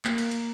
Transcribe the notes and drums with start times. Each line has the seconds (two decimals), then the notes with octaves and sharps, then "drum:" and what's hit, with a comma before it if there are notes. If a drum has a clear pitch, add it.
0.05 A#3, drum: clap
0.18 drum: cymbal
0.31 drum: cymbal